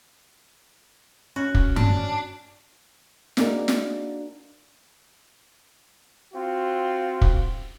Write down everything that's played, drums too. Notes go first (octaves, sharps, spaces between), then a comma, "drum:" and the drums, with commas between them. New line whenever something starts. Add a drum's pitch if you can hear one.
C#4 F#4
drum: kick
D4, drum: tom G2
A#3 D4 D#4 F#4 G#4 A#4, drum: snare
drum: snare
C4 F4 F#4
drum: kick